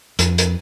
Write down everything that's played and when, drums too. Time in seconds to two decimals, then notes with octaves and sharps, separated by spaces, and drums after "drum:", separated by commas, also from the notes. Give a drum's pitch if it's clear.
0.19 F2, drum: hi-hat
0.38 drum: hi-hat